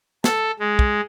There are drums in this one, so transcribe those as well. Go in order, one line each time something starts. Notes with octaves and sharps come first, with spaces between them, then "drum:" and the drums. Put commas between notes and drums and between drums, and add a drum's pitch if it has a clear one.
A4, drum: snare
G#3
drum: kick